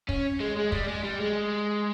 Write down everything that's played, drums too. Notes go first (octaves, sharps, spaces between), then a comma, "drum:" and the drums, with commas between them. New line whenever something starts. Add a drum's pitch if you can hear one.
C#4, drum: kick
G#3
G#3
G3, drum: kick
G#3
G3
G#3